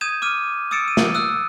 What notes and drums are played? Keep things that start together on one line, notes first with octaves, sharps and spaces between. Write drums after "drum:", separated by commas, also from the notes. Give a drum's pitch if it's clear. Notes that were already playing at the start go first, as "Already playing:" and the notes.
D#6 G6 G#6 D#7 E7
D6 F6 D#7
D#6 E6 A6 C#7 D7 E7
D#7
drum: snare
D#6 E6 F#6